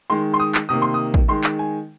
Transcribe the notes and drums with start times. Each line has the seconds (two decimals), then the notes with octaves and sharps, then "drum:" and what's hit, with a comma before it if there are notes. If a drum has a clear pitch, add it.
0.10 D#3 G#3 C6
0.34 C6
0.40 D#6
0.55 drum: clap
0.69 C3 D#3 A#3 D#6
0.82 C6
0.94 D#6
1.14 drum: kick
1.28 D#3 G#3 C6
1.44 drum: clap
1.59 G#5